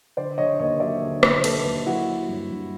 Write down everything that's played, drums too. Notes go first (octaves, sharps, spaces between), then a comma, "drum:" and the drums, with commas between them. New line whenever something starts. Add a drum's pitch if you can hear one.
D3 C5 D5
D3 C#5 D#5
D#2 C#5 D#5
F#3 D5 E5
D3
D3, drum: rim click
D#2 A4 B4, drum: cymbal
D#2
F#3 E4 F#4
F#3
G2
G2